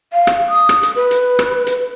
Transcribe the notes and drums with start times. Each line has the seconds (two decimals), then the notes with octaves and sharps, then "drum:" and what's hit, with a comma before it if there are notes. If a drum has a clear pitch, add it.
0.13 F5
0.27 drum: rim click
0.49 D#6
0.69 drum: rim click
0.83 drum: hi-hat
0.96 B4
1.11 drum: hi-hat
1.39 drum: rim click
1.67 drum: hi-hat